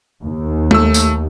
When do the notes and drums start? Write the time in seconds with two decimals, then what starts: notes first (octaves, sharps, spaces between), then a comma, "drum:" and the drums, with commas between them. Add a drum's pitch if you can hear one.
0.24 D#2
0.71 A3 E6, drum: tom
0.94 drum: tambourine